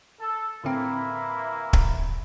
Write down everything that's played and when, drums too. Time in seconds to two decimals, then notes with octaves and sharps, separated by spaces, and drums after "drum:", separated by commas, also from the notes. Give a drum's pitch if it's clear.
0.20 A4
0.64 A2 D3 E3 A#3 C4 E4
1.73 drum: kick